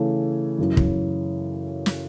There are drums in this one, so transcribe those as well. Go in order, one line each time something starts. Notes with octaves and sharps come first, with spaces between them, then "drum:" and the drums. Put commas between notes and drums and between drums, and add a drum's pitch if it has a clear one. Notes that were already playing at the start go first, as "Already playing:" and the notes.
Already playing: C#3 E3 A3
F#2 C#3 E3
drum: kick
drum: snare